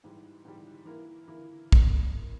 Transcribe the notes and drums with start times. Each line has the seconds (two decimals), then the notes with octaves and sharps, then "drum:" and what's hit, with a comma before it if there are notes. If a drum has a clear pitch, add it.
0.04 G#2 E3 G3
0.45 G#2 E3 G3
0.85 E3 A#3 E4 A#4
1.28 E3 A#3 E4 A#4
1.72 drum: kick